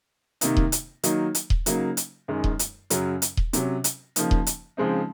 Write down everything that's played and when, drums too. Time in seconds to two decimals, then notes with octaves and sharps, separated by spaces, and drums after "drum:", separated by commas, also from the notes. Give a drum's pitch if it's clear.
0.41 C3 D#3 A#3 D#4, drum: hi-hat
0.57 drum: kick D#1
0.72 drum: hi-hat
1.03 D#3 F#3 A#3 D#4, drum: hi-hat
1.35 drum: hi-hat
1.50 drum: kick D#1
1.66 C#3 F#3 A#3 D#4, drum: hi-hat
1.97 drum: hi-hat
2.28 F#2 D#3 G#3
2.44 drum: kick D#1
2.59 drum: hi-hat
2.90 F#2 C#3 F#3, drum: hi-hat
3.22 drum: hi-hat
3.37 drum: kick D#1
3.53 C3 F#3 C#4, drum: hi-hat
3.84 drum: hi-hat
4.16 C#3 F3 A#3 D#4, drum: hi-hat
4.31 drum: kick D#1
4.47 drum: hi-hat
4.77 C#3 F3 G#3 C4 D#4